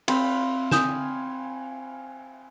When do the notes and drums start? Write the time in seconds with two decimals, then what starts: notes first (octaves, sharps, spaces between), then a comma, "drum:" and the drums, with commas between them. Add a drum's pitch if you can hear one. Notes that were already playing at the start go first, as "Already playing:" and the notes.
0.08 C4 F5 B5 C6, drum: cymbal
0.71 G#5 D#6 G6 E7, drum: snare